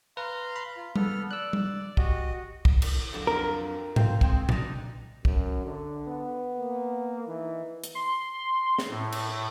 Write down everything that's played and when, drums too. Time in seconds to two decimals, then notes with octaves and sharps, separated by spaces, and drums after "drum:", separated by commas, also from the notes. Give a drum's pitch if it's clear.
0.17 B4 F5 A#5 C6
0.56 B5
0.77 F4
0.96 B3 A4 F6, drum: tom G3
1.31 D5 E6 F#6
1.53 drum: tom G3
1.97 F#4 G4 D#5, drum: kick
2.65 drum: kick
2.82 drum: cymbal
3.13 F2 D3 F#3
3.27 A#4
3.96 C4 F5, drum: tom G#2
4.21 G#3 C4, drum: kick
4.49 D4 D#4, drum: tom A#2
5.25 F#2, drum: kick
5.65 D3
6.08 B3
6.58 A#3
7.28 E3 D#4
7.84 drum: hi-hat
7.95 C6
8.79 drum: snare
8.89 A2
9.12 drum: cymbal